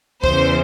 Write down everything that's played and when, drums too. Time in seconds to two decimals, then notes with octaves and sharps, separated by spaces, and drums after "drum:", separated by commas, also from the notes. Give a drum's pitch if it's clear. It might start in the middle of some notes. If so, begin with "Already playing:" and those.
0.24 E2 C#3 E3 C5, drum: kick